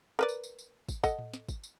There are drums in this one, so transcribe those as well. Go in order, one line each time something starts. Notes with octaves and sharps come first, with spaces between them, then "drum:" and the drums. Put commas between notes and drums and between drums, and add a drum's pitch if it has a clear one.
A#4 B4 D5
drum: tambourine
drum: tambourine
drum: tambourine
drum: kick, tambourine
A4 D#5 F#5, drum: kick, tambourine
drum: tom A2
drum: snare
drum: kick, tambourine
drum: tambourine